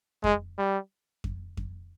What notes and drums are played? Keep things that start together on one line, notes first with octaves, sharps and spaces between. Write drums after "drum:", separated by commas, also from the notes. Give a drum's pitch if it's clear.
G#3, drum: kick F2
G3
drum: kick F2
drum: kick F2